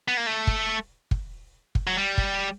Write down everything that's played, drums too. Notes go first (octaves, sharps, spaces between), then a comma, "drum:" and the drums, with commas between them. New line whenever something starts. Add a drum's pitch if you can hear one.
B3
A#3
A3
drum: kick
drum: kick
drum: kick
F#3
G3
drum: kick